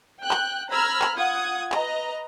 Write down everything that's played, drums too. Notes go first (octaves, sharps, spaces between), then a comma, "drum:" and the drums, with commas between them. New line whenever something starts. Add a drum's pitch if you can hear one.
G5 F#6
drum: clap
C5 A#5 B5 E6 F6 G#6
drum: clap
F4 F#5 D#6 G#6
B4 D#5 A#5, drum: clap